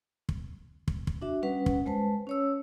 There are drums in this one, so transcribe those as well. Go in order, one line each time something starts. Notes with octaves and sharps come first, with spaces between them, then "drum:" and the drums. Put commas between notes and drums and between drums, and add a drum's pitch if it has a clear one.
drum: kick
drum: kick
drum: kick
D4 F#4 E5
G3 C#4 B4 F#5
drum: kick
G#3 B4 C5 A5
C#4 C#5 E6